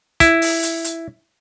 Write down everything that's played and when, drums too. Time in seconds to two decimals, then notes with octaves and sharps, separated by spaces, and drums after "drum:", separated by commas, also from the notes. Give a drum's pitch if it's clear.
0.20 E4, drum: kick, hi-hat
0.42 drum: open hi-hat
0.63 drum: hi-hat
0.84 drum: hi-hat